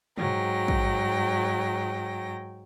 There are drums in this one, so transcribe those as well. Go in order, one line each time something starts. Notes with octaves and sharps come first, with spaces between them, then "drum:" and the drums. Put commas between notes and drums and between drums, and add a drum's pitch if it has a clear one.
G#2 F#3 G5 A#6, drum: tom
drum: kick